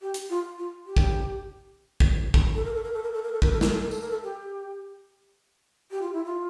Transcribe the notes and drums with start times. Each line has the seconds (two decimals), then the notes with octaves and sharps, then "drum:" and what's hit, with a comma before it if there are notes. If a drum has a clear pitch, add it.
0.02 G4
0.14 drum: hi-hat
0.30 F4
0.58 F4
0.86 G4
0.97 drum: kick
2.00 drum: kick
2.34 drum: kick
2.55 A4
2.65 A#4
2.74 A4
2.83 A#4
2.93 A4
3.03 A#4
3.13 A4
3.23 A#4
3.33 A4
3.42 A#4, drum: kick
3.52 A4
3.61 A#4, drum: snare
3.72 A4
3.81 A#4
3.91 A4, drum: tambourine
4.01 A#4
4.11 A4
4.23 G4
5.91 G4
6.02 F4
6.13 E4
6.25 F4